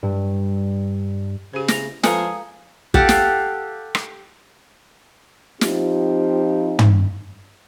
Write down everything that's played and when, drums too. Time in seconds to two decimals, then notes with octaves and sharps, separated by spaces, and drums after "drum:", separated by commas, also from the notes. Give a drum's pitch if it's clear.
0.03 G2
1.54 C#3 G4 C5
1.68 A#6 F7, drum: snare
2.03 F3 G#3 G#4 A4 B4 F5 A#5 C#7, drum: snare
2.94 G4 A4 F5 F#5, drum: kick
3.09 drum: snare
3.95 drum: rim click
5.61 F3 C4 D#4 F4 G4, drum: snare
6.79 drum: tom